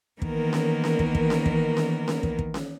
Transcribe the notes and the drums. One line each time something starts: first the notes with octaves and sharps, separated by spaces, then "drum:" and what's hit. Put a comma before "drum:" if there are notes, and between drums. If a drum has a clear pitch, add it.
D#3 E3 A#3 B3 A#4, drum: kick
drum: snare C#4
drum: snare C#4
drum: kick
drum: kick
drum: snare C#4
drum: kick
drum: snare C#4
drum: snare C#4
drum: kick
drum: kick
drum: snare C#4